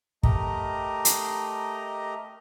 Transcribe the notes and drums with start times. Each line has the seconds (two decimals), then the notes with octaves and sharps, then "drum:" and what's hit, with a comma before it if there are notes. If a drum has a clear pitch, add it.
0.23 A3 G4 A#4 D#5 A#5, drum: kick
1.05 drum: hi-hat